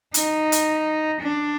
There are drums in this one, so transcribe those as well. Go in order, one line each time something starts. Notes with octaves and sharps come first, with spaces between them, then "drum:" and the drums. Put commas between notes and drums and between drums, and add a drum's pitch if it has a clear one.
D#4, drum: hi-hat
drum: hi-hat
D4